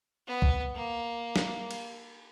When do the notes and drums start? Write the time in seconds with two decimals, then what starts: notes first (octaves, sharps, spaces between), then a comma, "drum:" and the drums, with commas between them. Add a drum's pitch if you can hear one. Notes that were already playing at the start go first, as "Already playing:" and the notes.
0.27 B3
0.42 drum: kick B1
0.75 A#3
1.36 drum: snare
1.71 drum: cymbal